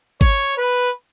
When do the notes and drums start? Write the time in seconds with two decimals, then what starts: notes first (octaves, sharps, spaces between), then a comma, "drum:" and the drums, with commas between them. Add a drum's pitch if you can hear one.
0.21 C#5, drum: kick G#1
0.57 B4